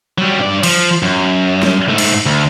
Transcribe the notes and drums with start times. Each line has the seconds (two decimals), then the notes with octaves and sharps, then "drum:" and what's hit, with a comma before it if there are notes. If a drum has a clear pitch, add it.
0.18 F#3 G3
0.39 G2 D5
0.63 F3, drum: cymbal
1.03 F#2
1.63 drum: snare
1.89 G#2 A3
1.98 drum: cymbal
2.26 D2